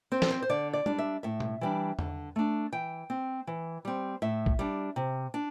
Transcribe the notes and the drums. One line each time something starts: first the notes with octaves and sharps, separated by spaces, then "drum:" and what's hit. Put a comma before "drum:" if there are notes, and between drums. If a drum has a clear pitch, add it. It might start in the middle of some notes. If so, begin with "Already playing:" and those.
C4 C5
A4, drum: snare
C5
C5
D3 D5
D5
G3 D4, drum: tom G#3
E5
A2 E5
drum: tom B2
E3 G3 D4
D3, drum: tom E2
A3 D4
E3 G5
C4
E3
G3 C4
A2 E5
drum: kick
G3 D4
C3
D4